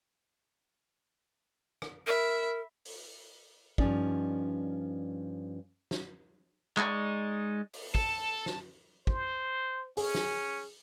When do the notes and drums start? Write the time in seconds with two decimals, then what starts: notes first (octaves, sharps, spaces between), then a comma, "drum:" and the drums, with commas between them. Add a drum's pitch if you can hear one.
1.82 drum: rim click
2.07 A#4 E5 B5
2.85 drum: open hi-hat
3.78 G2 F3 C#4 D#4 D5, drum: kick
5.91 drum: snare
6.77 G#3 D#4 D5 C#6, drum: clap
7.73 drum: open hi-hat
7.95 A4 A5, drum: kick
8.46 drum: snare
9.07 C5, drum: kick
9.97 C#4 G#4, drum: open hi-hat
10.15 drum: snare